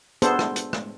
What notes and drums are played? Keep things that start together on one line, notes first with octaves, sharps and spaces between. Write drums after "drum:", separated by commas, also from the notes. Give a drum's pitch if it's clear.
B3 D4 G#4 A4 C5, drum: hi-hat
drum: rim click
drum: hi-hat
drum: rim click